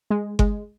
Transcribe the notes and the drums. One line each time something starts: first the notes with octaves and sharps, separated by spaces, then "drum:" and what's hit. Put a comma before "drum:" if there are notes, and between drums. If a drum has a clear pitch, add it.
G#3
G#3, drum: kick G1